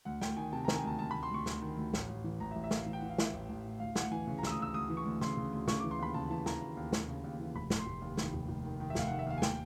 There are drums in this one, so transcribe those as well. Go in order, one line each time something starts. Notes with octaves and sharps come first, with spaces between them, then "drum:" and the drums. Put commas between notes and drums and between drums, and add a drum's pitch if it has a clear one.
D2 F#5
D2 G5, drum: snare
D#3 G#5
C3 A5
A#5
D#3, drum: snare
G#5
D2 A5
D2 A5
B5
D2
C6
D2 C#6
D2, drum: snare
D#3
D2
A1, drum: snare
A1
E3
A1 A#5
E5
A1
E5
A2 F5, drum: snare
E3
G5
F#5
E3
F5
E3 E5, drum: snare
A1
A1
A2
D2 F5
D2 F#5, drum: snare
E3 G#5
C#3
A#5
D2 E6, drum: snare
D#6
D2 E6
D2 D#6
E3
C#6
D2
C#3 C6, drum: snare
C#3
D2
C#3 C#6, drum: snare
D6
E3
C6
D#2 B5
C#3 A5
E3 A5
E3 A#5, drum: snare
D#2
D#2
D#2, drum: snare
C#3
D#2
E3
F1 B5
F1, drum: snare
C6
F1
D#2
D#3, drum: snare
F1
F1
D#3
D#3
E5
F1 F5, drum: snare
F#5
D#3
E5
D#2 F5
G#5
G5, drum: snare